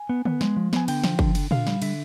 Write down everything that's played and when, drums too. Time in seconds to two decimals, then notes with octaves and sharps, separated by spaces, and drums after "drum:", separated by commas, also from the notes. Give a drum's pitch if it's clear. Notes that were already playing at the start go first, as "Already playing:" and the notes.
Already playing: G#5
0.09 B3
0.25 B3, drum: tom D3
0.41 G#3, drum: snare
0.56 F3
0.73 B3 G#5, drum: snare
0.88 D3 G5, drum: cymbal
1.04 F3, drum: snare
1.19 D3, drum: kick
1.35 D3, drum: cymbal
1.51 D3 F5, drum: tom A#2
1.67 G3, drum: snare
1.82 D3 E5, drum: cymbal